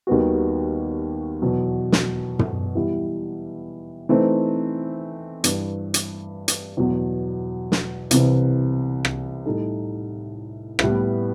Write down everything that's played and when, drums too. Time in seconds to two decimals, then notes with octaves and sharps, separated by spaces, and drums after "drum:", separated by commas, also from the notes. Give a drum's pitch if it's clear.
0.07 D#2 D#3 G3 B3 F#4
1.42 E2 B2 F#3
1.92 drum: snare
2.39 drum: tom
2.75 E3 G3 B3 E4
4.09 E3 A3 C4 D#4
5.44 G2 E3 G3, drum: hi-hat
5.94 drum: hi-hat
6.48 drum: hi-hat
6.77 E2 B2 F#3
7.72 drum: snare
8.11 C2 C3 E3, drum: hi-hat
9.05 drum: rim click
9.46 A2 G3 D#4 A4
10.79 A2 G3 B3 E4 B4, drum: rim click